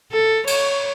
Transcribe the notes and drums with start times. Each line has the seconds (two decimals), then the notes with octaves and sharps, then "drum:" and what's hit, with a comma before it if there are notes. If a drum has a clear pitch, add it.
0.12 A4
0.47 C#5, drum: cymbal